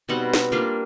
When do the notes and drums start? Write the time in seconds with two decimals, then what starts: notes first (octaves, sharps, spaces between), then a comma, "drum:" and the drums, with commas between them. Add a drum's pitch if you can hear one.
0.09 B2 G3 C4 D#4 F#5
0.33 drum: snare
0.52 G3 A#3 D4 F4